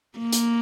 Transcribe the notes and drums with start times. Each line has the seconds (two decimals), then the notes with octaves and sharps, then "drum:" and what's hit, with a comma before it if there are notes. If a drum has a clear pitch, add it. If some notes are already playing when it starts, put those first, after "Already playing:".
0.19 A#3
0.32 drum: hi-hat